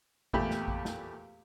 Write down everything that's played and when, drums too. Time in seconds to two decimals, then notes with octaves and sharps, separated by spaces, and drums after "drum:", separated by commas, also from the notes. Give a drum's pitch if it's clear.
0.33 E2 A#2 A3 G4 G5 B5, drum: kick
0.51 drum: snare
0.68 drum: kick
0.85 drum: snare